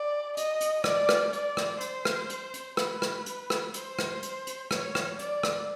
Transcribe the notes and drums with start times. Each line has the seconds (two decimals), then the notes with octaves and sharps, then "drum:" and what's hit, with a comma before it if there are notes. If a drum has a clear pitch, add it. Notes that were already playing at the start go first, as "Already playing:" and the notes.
Already playing: D5
0.37 D#5, drum: hi-hat
0.61 drum: hi-hat
0.84 D5, drum: rim click
1.09 drum: rim click
1.33 D5, drum: hi-hat
1.57 drum: rim click
1.81 C5, drum: hi-hat
2.05 drum: rim click
2.30 drum: hi-hat
2.54 drum: hi-hat
2.77 B4, drum: rim click
3.02 drum: rim click
3.26 drum: hi-hat
3.50 drum: rim click
3.74 C5, drum: hi-hat
3.99 drum: rim click
4.23 drum: hi-hat
4.47 drum: hi-hat
4.71 C#5, drum: rim click
4.95 drum: rim click
5.19 D5, drum: hi-hat
5.43 drum: rim click